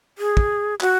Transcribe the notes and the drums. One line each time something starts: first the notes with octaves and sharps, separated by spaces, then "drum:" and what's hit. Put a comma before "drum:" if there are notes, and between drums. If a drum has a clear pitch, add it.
G#4
drum: kick
F#4, drum: clap